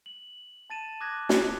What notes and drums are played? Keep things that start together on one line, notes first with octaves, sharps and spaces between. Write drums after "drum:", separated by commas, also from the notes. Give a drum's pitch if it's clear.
F#7
A5 A6 D#7 E7
D6 D#6 F#6 G#6 A#6
drum: snare